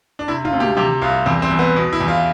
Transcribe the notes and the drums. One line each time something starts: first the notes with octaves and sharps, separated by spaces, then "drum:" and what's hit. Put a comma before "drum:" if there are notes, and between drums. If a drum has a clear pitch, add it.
D4
C3 E4
F4, drum: tom
D2
G4
C3 G4
C2 F4
E2 C4
C4
E2
B3
B2
E4
E2
F4